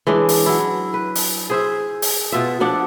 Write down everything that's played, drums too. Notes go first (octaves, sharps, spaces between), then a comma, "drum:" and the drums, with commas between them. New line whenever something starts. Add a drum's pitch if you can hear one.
E3 G#3 C#4 D4
drum: open hi-hat
F#3 E4
B4
drum: open hi-hat
G#4 C5 E5
drum: open hi-hat
B2 F4 E5
B2 F3 D4 F#5